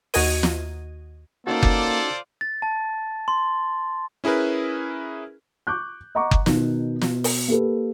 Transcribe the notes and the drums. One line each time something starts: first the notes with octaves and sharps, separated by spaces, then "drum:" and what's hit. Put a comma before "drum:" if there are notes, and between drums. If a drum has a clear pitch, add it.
D#2 F#4 D#5 G#6 D#7, drum: open hi-hat
drum: snare
A#3 C#4 D#4 F4 F#4 A4 C5 D5
drum: kick F#1
A6
A5
C6
C#4 E4 G#4 A#4 B4
C#6 D6 F#6 G6
D#5 F#5 A#5 C#6 D6
drum: kick F#1
B2 D#3 D#4, drum: snare
B2, drum: snare
drum: open hi-hat
A#3 G4 A4 B4